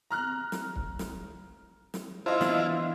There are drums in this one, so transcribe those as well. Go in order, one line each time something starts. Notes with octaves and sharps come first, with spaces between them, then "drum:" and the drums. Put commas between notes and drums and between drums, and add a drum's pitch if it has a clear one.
A#5 F6 F#6
drum: snare
drum: kick
drum: snare
drum: snare
E4 F4 C5 D#5 F5
E3 B3 D4, drum: snare